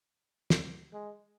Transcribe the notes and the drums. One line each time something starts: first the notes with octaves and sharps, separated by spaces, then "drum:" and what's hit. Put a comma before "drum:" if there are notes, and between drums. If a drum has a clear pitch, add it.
drum: snare
G#3